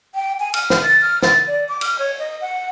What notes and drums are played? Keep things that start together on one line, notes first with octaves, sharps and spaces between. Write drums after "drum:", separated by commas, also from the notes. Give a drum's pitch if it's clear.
G5
G#5
F6, drum: cymbal
drum: snare
A6
F6
A6, drum: snare
D5
D6
F6, drum: cymbal
C#5
D#5
F#5